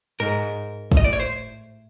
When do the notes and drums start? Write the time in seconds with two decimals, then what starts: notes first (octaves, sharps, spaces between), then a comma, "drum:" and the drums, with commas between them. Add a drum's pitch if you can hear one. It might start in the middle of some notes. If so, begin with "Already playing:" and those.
0.20 G#2 A#4
0.92 A2, drum: kick
0.97 D#5
1.04 D5
1.13 C#5
1.20 C5